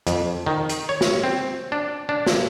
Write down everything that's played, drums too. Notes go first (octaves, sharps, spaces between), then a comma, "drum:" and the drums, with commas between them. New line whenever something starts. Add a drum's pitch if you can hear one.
F2, drum: hi-hat
D#3
drum: hi-hat
C#5
drum: snare
C4
D4
D4
drum: snare